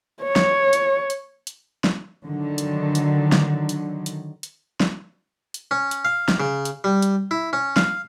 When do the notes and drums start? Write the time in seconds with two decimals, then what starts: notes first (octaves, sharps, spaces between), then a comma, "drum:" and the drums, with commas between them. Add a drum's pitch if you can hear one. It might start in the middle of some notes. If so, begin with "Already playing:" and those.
0.23 C#5
0.36 drum: snare
0.73 drum: hi-hat
1.10 drum: hi-hat
1.47 drum: hi-hat
1.84 drum: snare
2.25 D3 D#3 F#3
2.58 drum: hi-hat
2.95 drum: hi-hat
3.32 drum: snare
3.69 drum: hi-hat
4.06 drum: hi-hat
4.43 drum: hi-hat
4.80 drum: snare
5.54 drum: hi-hat
5.71 C#4
5.91 drum: hi-hat
6.05 F5
6.28 drum: snare
6.40 C#3
6.65 drum: hi-hat
6.84 G3
7.02 drum: hi-hat
7.31 E4
7.53 C#4
7.76 F5, drum: snare